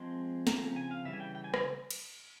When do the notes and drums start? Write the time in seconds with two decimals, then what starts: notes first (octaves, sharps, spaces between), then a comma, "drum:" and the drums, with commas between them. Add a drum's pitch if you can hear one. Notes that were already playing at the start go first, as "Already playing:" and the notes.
Already playing: F3 G#3 C4 C6
0.47 C#3 F3 C4 A#5, drum: snare
0.76 G#5
0.91 F5
1.05 C#3 E3 G3 E5
1.13 G#5
1.20 G5
1.35 G5
1.44 G#5
1.54 drum: rim click
1.91 drum: cymbal